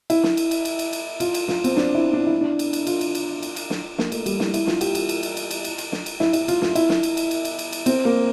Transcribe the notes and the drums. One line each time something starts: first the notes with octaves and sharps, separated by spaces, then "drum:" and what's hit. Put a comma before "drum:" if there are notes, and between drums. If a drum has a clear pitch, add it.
E4, drum: cymbal
drum: snare
drum: cymbal
drum: cymbal
drum: cymbal
drum: cymbal
drum: cymbal
F4, drum: cymbal
drum: cymbal
F4, drum: snare
C4, drum: cymbal
D4, drum: snare
E4
D4
E4
D4
drum: cymbal
drum: cymbal
F4, drum: cymbal
drum: cymbal
drum: cymbal
drum: cymbal
drum: cymbal
drum: snare
A#3, drum: snare
A3, drum: cymbal
G3, drum: cymbal
E4, drum: snare
E4, drum: cymbal
F4, drum: snare
G4, drum: cymbal
F4, drum: cymbal
drum: cymbal
drum: cymbal
drum: cymbal
drum: cymbal
drum: cymbal
drum: cymbal
drum: snare
drum: cymbal
E4, drum: snare
E4, drum: cymbal
F4, drum: cymbal
F4, drum: snare
E4, drum: cymbal
drum: snare
drum: cymbal
drum: cymbal
drum: cymbal
drum: cymbal
drum: cymbal
drum: cymbal
C4, drum: cymbal
A#3